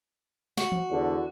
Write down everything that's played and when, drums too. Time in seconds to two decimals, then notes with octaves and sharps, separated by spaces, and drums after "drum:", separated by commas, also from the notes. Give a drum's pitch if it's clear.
0.57 F#4, drum: snare
0.72 drum: tom E3
0.90 E2 D3